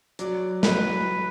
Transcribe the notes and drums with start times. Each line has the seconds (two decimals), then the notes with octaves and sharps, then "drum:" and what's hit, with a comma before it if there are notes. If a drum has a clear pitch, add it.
0.19 F#3 D5, drum: hi-hat
0.63 B4, drum: snare